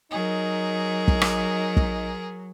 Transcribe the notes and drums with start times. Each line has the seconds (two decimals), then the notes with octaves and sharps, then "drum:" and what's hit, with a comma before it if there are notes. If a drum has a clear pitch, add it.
0.11 F#3 D#4 G#4 A#4
1.08 drum: kick
1.21 drum: rim click
1.77 drum: kick